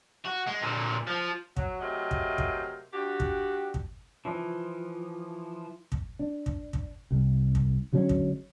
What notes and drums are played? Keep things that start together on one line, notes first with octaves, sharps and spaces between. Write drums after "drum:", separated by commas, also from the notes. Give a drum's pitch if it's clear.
F#4
G#3
A#2 D3
F3
F#3, drum: kick
C3 F#3 A3 A#3 G#4 D#5
drum: kick
drum: kick
G2 D4 F#4 G4
drum: kick
drum: kick
E3 F3
drum: kick
D4
drum: kick
drum: kick
C2
drum: kick
D3 F#3 G#3 C#4
drum: kick